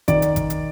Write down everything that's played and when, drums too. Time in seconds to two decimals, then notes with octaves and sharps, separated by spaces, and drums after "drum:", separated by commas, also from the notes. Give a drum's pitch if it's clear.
0.08 D#3 D5, drum: kick G#1, hi-hat
0.22 drum: hi-hat
0.36 drum: kick G#1, hi-hat
0.50 drum: hi-hat